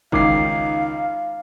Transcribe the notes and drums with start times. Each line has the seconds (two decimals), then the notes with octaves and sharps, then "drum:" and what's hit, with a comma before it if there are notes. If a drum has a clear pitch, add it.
0.12 C#2 D#3 D#4 F5 D6 C7, drum: kick G1